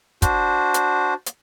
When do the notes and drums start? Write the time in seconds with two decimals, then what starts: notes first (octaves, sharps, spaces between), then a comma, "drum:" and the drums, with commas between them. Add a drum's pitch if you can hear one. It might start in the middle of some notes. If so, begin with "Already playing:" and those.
0.22 D4 F#4 C5, drum: kick, hi-hat
0.74 drum: hi-hat
1.26 drum: hi-hat